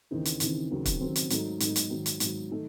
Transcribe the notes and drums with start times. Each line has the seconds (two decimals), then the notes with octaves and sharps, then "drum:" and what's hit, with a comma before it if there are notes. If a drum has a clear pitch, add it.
0.11 D#2 C#3 E3 C4 D#4
0.25 drum: hi-hat
0.40 D#2 C#3 E3 C4 D#4, drum: hi-hat
0.70 D#2 C#3 F#3 C4
0.86 drum: kick, hi-hat
1.01 D#2 C#3 F#3 C4
1.16 drum: hi-hat
1.30 G#2 F#3 A3 D#4, drum: hi-hat
1.60 G#2 F#3 A3 D#4, drum: hi-hat
1.76 drum: hi-hat
1.90 G#2 D#3 F#3
2.06 drum: hi-hat
2.20 G#2 D#3 F#3, drum: hi-hat
2.51 D#3 A3 D#4